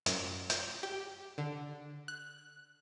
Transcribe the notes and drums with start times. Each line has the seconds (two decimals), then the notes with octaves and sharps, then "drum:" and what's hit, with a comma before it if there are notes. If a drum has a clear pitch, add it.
0.06 F#2, drum: hi-hat
0.50 G6, drum: hi-hat
0.83 G4
1.38 D3
2.08 F#6